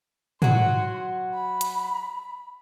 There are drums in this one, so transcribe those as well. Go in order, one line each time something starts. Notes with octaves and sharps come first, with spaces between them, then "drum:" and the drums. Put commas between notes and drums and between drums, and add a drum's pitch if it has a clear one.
F#3 F#4 C6, drum: tom
B5
drum: hi-hat